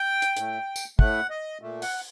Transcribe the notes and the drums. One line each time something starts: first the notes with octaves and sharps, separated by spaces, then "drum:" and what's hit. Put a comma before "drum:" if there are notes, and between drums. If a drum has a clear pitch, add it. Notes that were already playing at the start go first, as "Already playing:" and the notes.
Already playing: G5
drum: hi-hat
A2 A3, drum: hi-hat
drum: tambourine
A2 A3 F#5, drum: kick
D#5
A#2 A3
F#5, drum: open hi-hat